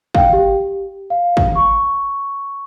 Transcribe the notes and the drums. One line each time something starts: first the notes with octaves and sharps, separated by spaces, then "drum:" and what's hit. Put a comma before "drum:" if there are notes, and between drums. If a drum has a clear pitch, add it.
F5 G5, drum: kick
G4
F5
drum: kick
C#6